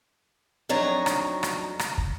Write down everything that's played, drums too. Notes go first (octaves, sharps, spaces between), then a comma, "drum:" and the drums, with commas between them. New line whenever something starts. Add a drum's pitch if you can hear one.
F2 F#3 D4 D#4 C#5 A#5
drum: rim click
drum: rim click
drum: rim click
drum: kick